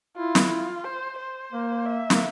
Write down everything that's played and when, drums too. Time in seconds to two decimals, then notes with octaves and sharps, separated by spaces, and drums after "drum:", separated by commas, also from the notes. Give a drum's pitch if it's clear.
0.17 E4 F4
0.35 drum: snare
0.50 F4
0.84 C5
1.19 C5
1.52 A#3
1.86 E5
2.10 A#3, drum: snare